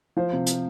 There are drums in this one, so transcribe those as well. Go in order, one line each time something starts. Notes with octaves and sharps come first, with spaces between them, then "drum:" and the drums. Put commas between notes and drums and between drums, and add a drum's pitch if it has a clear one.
F3 C5
C3
drum: hi-hat